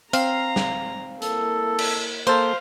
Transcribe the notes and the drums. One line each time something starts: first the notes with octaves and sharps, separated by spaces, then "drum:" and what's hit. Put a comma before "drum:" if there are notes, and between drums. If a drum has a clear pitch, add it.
C4 F5 A#5, drum: hi-hat
drum: snare
A#3 E4 A4, drum: hi-hat
drum: cymbal
A#3 A4 C5 F5